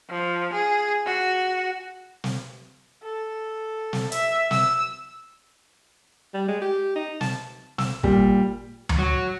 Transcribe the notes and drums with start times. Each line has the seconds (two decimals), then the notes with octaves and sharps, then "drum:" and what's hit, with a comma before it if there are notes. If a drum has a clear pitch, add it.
0.10 F3
0.53 G#4
1.06 F#4
2.24 drum: snare
3.03 A4
3.93 drum: snare
4.12 E5, drum: hi-hat
4.51 E6, drum: snare
6.34 G3
6.48 G#3
6.62 G4
6.96 D#4
7.21 A5, drum: snare
7.78 E6, drum: snare
8.03 A#2 G3, drum: kick
8.89 drum: tom D2
8.99 F#3